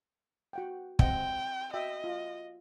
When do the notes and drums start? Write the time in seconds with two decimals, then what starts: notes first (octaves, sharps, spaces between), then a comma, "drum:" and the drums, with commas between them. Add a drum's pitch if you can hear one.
0.53 F#4 F#5 G5
0.99 C4 D#5 F#5 G5, drum: kick
1.74 F#4 D#5 E5 G5
2.04 F4